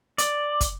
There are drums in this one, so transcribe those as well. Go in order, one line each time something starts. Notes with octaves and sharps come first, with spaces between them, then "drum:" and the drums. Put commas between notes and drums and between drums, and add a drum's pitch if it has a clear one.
D5, drum: hi-hat
drum: kick, hi-hat